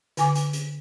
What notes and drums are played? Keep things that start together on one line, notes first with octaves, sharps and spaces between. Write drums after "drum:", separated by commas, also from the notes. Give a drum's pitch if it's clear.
D3 G#5 D6, drum: hi-hat
drum: hi-hat
drum: hi-hat